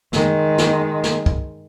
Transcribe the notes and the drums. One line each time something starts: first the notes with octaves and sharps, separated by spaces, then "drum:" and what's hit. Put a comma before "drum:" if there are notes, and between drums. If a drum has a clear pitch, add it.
D#3 G#3, drum: snare
drum: snare
drum: snare
drum: kick